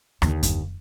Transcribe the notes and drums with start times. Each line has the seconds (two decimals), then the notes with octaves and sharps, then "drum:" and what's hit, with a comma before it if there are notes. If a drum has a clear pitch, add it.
0.22 D#2 D3, drum: rim click
0.43 drum: kick F#2, hi-hat